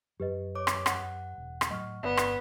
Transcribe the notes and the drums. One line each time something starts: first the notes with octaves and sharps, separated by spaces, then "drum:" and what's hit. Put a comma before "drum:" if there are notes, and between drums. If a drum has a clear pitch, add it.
F#2 F#3 G4 B4 D#5
C#5 D6
drum: rim click
F#5, drum: rim click
E1
drum: rim click
A2 F#3 A3 D#5 C#6 F6
G1 B3 C#5 D5
drum: rim click